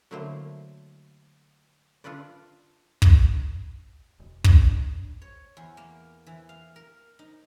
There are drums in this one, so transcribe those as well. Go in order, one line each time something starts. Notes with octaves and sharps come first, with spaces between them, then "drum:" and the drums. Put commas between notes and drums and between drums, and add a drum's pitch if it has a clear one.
D3 F#3 A3 A#3 E4 C5
D4 F4 A4 B4 D5
drum: kick
E1
C#4, drum: kick
D4
C#5
E2
A#3
E3
F5
A#4
D#4